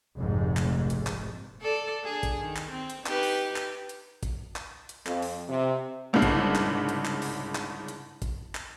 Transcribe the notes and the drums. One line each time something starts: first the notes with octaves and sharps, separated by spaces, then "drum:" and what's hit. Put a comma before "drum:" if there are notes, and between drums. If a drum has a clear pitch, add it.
F1 A#1 G#2
drum: clap
drum: hi-hat
drum: clap
A4 D5
D4 G#4
drum: kick, hi-hat
D#3
drum: clap
C4
drum: hi-hat
D#4 G4 B4, drum: clap
drum: open hi-hat
drum: clap
drum: hi-hat
drum: kick, hi-hat
drum: clap
drum: hi-hat
F2, drum: clap
drum: open hi-hat
C3
G1 C2 G#2 C#3 D4 C7
drum: kick, hi-hat
drum: clap
drum: hi-hat
drum: clap
drum: open hi-hat
drum: clap
drum: hi-hat
drum: kick, hi-hat
drum: clap